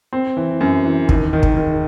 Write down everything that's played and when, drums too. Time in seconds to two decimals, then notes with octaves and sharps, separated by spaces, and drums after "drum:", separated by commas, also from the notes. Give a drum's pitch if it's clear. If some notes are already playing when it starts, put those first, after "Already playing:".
0.13 C4
0.37 E3
0.61 F#2
0.85 E3
1.09 D#2, drum: kick
1.33 D#3
1.43 drum: kick
1.57 D#3